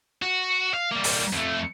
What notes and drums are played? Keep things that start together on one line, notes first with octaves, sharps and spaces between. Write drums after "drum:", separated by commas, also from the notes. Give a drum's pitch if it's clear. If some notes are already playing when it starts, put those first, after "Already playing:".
F#4
F5
G3 A#3
drum: open hi-hat
F2 A3